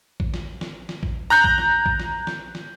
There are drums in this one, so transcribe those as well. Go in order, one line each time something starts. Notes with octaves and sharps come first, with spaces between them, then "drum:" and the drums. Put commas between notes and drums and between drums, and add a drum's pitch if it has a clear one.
drum: kick A1
drum: snare
drum: snare
drum: snare
drum: kick A1
A#5 F#6 G6
drum: kick A1
drum: snare
drum: kick A1
drum: snare
drum: snare
drum: snare